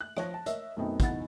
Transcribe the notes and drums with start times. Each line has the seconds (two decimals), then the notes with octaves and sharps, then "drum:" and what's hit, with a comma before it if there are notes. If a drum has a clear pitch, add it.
0.01 F#6
0.17 F3 C#5 A5 A#6, drum: rim click
0.34 A5
0.46 A#4 C#5 D#5 E5 E6, drum: hi-hat
0.77 F#2 B2 A3 B3 C4 D#4
1.00 B1 E2 D#4 E4 F#5 A6, drum: kick, hi-hat